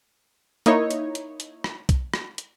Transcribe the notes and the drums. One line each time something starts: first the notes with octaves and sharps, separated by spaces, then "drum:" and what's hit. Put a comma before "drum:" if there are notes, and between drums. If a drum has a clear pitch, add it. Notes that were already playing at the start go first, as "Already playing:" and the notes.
A#3 D#4 E4 C#5, drum: hi-hat
drum: hi-hat
drum: hi-hat
drum: hi-hat
drum: rim click
drum: kick, hi-hat
drum: rim click
drum: hi-hat